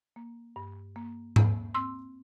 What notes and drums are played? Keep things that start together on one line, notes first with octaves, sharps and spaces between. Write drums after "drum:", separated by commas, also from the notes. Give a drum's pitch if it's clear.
A#3
G2
A#3
A#3, drum: tom G#2
C4 C6 E6